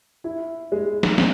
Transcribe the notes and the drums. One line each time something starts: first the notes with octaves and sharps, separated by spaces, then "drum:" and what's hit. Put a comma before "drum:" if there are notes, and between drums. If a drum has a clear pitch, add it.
E4
G#3
drum: snare
C4, drum: snare